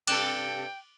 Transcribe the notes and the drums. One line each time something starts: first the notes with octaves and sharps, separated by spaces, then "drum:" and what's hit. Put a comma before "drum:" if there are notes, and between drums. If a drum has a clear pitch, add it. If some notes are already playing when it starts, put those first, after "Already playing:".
G2 C3 A4 G5 D6 F#6 E7, drum: cymbal